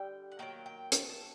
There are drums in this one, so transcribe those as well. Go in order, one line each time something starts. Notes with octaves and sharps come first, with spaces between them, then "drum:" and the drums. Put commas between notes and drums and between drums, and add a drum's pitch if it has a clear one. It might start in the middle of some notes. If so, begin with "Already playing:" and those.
Already playing: D3 G3 G5
F#5
D#3 F#3 A#3 G5
G5
A5, drum: hi-hat
A5